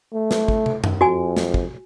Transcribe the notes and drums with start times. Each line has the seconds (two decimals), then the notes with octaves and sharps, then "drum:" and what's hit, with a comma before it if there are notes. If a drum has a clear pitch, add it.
0.13 A3
0.31 drum: snare
0.48 drum: kick
0.66 drum: tom
0.84 drum: tom F#2
1.01 F2 F#4 G#5
1.37 drum: snare
1.54 drum: kick